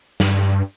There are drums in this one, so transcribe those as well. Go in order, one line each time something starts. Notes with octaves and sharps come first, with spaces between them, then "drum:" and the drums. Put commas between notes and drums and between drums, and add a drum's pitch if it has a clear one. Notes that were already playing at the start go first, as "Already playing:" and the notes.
G2, drum: snare